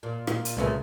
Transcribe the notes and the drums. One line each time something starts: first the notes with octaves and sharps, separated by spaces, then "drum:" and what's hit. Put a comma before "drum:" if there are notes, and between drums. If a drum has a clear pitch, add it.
A#2
A#2, drum: rim click
drum: hi-hat
C2 A#2 C#3 G#3 A3 B3